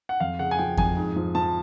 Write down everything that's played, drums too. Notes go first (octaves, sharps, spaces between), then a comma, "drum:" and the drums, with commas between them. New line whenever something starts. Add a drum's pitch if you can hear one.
F#5
F2 F5
C#3 F#5
G#5
F3 G5
F2 G#5, drum: kick F2
G#2
F3
F3 A5